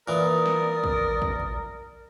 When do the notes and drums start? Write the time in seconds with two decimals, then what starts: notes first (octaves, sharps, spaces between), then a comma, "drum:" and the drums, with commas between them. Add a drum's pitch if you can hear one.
0.08 A#2 E3 A#4 D5 D#6
0.46 drum: snare
0.84 drum: kick
1.22 drum: kick